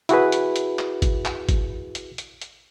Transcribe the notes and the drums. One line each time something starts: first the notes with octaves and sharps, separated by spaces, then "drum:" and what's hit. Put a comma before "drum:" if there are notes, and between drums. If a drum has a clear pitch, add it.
E4 F#4 G#4 B4, drum: hi-hat
drum: hi-hat
drum: hi-hat
drum: clap
drum: kick G#1, hi-hat
drum: clap
drum: kick G#1, hi-hat
drum: hi-hat
drum: hi-hat
drum: hi-hat